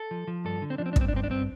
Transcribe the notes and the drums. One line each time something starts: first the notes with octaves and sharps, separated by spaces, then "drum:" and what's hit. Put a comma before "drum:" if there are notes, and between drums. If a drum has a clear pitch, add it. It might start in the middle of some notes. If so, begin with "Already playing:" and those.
Already playing: A4
F3
F3
G2 A4
D3
C4
F3 D4
C4
D4
G2, drum: kick
C4
D4
G2 C4
D4
G2 C4